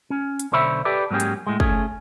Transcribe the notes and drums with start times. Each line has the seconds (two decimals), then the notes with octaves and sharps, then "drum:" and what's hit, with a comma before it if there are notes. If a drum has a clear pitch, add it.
0.10 C#4
0.39 drum: hi-hat
0.52 B1 D3 C5 C#5 E5 B5
0.85 G4 A4 B4 D5
1.11 G#2 F#3 A#3 C#4 G4 G#4
1.20 drum: hi-hat
1.47 A2 G#3
1.60 A3 C#4 G#4, drum: kick